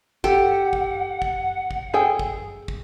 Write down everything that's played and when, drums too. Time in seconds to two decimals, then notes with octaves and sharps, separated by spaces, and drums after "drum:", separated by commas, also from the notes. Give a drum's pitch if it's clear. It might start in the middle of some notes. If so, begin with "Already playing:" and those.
0.24 G4 A4 F#5, drum: kick
0.73 drum: kick
1.22 drum: kick
1.71 drum: kick
1.94 G#4 A4 G5
2.19 drum: kick
2.68 drum: kick